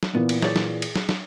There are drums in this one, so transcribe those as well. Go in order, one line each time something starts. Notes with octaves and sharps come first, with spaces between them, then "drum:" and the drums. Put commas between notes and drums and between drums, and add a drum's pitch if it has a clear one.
drum: snare
A#2 E3 B3
drum: cymbal
G#4 C#5 D5, drum: snare
drum: snare
drum: cymbal
drum: snare
drum: snare